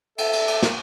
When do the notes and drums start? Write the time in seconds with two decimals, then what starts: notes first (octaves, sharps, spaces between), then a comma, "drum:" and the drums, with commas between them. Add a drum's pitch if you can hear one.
0.18 A4 E5, drum: cymbal
0.33 drum: cymbal
0.48 drum: cymbal
0.62 drum: snare